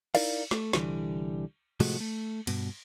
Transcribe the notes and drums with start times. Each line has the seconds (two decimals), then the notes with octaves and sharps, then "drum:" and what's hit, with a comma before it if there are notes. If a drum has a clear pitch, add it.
0.15 D#4 E4 A#4 D5 F5, drum: cymbal
0.51 A3, drum: snare
0.73 C2 D3 E3 G3, drum: snare
1.80 A2 C3 F3 G#3 A3 F#4, drum: cymbal
2.00 A3
2.47 G2 B2, drum: cymbal